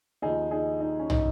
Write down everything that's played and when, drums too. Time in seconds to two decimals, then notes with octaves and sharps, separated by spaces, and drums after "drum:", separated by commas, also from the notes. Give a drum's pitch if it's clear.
0.22 D#2 C#3 F3 D#4 G#4
0.51 D#4 G#4
0.81 D#4
0.99 C#4
1.10 D#4, drum: tom